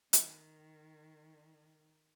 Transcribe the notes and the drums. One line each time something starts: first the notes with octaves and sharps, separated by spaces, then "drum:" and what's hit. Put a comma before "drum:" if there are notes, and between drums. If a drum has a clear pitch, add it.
D#3, drum: hi-hat